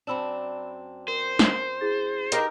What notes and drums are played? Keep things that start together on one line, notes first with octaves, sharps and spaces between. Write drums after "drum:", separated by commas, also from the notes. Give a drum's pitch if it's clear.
F#2 C4 D4 B5 E6 E7
A#4 C5
drum: snare
E4 G#4 A6
D#4 G4 A#4, drum: hi-hat